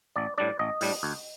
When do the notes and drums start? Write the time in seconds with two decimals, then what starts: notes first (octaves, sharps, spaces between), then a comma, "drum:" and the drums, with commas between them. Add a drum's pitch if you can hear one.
0.16 A1 D5
0.38 A2 G3 D4 D5
0.59 A1 D#5
0.81 A2 G3 D4, drum: open hi-hat
1.03 D2